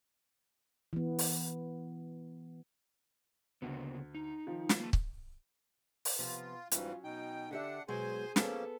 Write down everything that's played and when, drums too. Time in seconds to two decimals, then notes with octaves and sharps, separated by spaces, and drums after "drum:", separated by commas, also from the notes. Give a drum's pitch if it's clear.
0.93 E3 B3
1.19 drum: open hi-hat
3.62 D2 C#3 A#3 B3
4.15 D#4
4.47 D#3 F3
4.69 drum: snare
4.80 A#3 A5
4.93 drum: kick
6.05 drum: open hi-hat
6.19 C3 F3 B3 F4
6.71 G#2 E3 F#3 G3 C#4 F4, drum: hi-hat
7.04 B2 D#4 G5
7.51 D3 D4 G4 E5 F#5
7.88 B2 F#3 G#3 G#4 C5 G#5 C6
8.36 F3 A#3 B3 C#4 A4, drum: snare